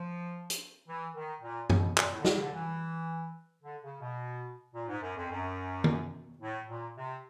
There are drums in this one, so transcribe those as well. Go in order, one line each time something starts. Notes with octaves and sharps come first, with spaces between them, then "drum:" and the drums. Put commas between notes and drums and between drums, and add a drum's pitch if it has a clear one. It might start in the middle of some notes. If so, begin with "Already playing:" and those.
Already playing: F3
drum: hi-hat
E3
D#3
A#2
B2, drum: tom F#2
A#2, drum: clap
A2
D3
C#3, drum: snare
D3
E3
D3
C#3
B2
A#2
G#2
F#2
F2
F#2
drum: tom D#3
A2
A#2
C3